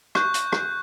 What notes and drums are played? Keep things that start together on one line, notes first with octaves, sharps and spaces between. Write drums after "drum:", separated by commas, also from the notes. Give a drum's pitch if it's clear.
C#6 F#6 G6, drum: rim click
drum: hi-hat
drum: rim click